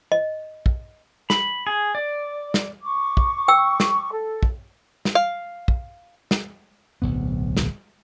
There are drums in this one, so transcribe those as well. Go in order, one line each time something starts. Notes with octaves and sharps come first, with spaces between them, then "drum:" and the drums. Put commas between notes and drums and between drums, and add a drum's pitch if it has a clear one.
D#5
drum: kick
B5, drum: snare
G#4
D5
drum: snare
C#6 D6
drum: kick
G5 E6
drum: snare
A4
drum: kick
drum: snare
F5
drum: kick
drum: snare
D1 B1 B3
drum: snare